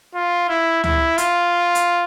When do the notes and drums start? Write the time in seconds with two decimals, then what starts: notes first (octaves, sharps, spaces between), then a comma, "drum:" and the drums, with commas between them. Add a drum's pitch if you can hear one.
0.15 F4
0.49 E4
0.84 E4, drum: tom D2
1.18 F4, drum: hi-hat
1.75 drum: hi-hat